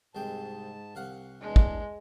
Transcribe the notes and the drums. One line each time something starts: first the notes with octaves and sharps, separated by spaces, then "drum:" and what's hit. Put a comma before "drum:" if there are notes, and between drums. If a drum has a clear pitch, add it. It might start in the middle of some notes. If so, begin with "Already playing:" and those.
C2 G#2 G#3 G5 A5
C2 F5 F#5
E2 G#3 D4
drum: kick